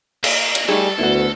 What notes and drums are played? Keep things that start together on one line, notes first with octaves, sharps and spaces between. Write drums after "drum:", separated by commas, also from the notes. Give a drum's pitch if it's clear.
A#3, drum: cymbal
drum: cymbal
G3 A3 D#4 G#4 A4
D2 B3 E4 F#4